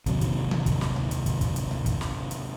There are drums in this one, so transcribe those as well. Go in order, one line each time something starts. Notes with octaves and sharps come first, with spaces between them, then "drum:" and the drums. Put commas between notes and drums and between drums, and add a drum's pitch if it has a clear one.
D#2 C3 F#3, drum: kick, hi-hat
drum: kick, hi-hat
drum: tom D#3
drum: kick, hi-hat
drum: snare
drum: tom C#2
drum: hi-hat
drum: kick, hi-hat
drum: kick, hi-hat
drum: hi-hat
drum: tom C#2
drum: kick, hi-hat
drum: snare
drum: hi-hat